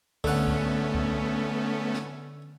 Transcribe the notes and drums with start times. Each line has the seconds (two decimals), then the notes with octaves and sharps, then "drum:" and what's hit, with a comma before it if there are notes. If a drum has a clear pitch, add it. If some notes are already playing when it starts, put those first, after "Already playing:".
0.24 D3 A3 B3 C#4 F#5, drum: kick C2
0.48 drum: kick C2
0.95 drum: kick C2
1.94 drum: snare